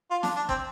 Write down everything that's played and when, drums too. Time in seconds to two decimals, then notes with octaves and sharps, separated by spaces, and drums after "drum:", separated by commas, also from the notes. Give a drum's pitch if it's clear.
0.11 F4
0.23 D4, drum: snare
0.36 D4
0.49 C4, drum: kick